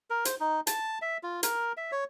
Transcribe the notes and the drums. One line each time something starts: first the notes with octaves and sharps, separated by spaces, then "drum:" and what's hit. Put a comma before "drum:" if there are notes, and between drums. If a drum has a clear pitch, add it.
A#4
C5, drum: hi-hat
D#4
A5, drum: hi-hat
E5
F4
A#4, drum: hi-hat
E5
C#5